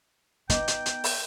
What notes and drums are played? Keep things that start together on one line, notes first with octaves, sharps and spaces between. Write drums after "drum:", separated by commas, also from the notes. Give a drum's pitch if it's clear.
B3 D#4 G5 D6, drum: kick, hi-hat
drum: hi-hat
drum: hi-hat
drum: open hi-hat